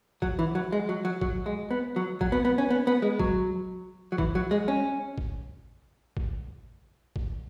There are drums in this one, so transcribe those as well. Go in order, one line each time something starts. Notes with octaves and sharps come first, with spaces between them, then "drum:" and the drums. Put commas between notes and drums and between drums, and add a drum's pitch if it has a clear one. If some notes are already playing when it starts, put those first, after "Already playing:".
F#3, drum: kick
E3
F#3
G#3
F#3
F#3
F#3, drum: kick
G#3
B3
F#3
F#3, drum: kick
B3
B3
C#4
B3
B3
G#3
F#3, drum: kick
F#3
E3, drum: kick
F#3
G#3
C#4
drum: kick
drum: kick
drum: kick